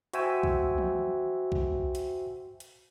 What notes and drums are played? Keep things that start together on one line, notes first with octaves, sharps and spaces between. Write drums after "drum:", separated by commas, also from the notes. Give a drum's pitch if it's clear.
F#4 C5 E5 G5 G#5 E6, drum: hi-hat
drum: kick B1
drum: tom
drum: kick B1
drum: hi-hat
drum: hi-hat